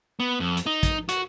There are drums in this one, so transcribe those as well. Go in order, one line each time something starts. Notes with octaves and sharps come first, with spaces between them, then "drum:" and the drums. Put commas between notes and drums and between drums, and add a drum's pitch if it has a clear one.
B3
F2
drum: hi-hat
D#4
drum: kick, hi-hat
F#4, drum: hi-hat